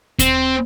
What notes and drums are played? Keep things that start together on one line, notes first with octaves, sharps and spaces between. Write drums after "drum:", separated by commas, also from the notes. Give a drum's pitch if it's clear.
C4, drum: kick D#2, hi-hat